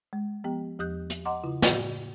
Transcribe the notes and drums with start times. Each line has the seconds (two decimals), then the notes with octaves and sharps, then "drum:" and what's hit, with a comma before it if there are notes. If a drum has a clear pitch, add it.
0.13 G#3
0.44 F3 B3 G4 G5
0.79 E2 F3 G4 D#6 F#6 G6
1.10 drum: hi-hat
1.25 D#5 F#5 A#5 C6 D6
1.44 C#3 E4 F4
1.62 A2 F#4 D5, drum: snare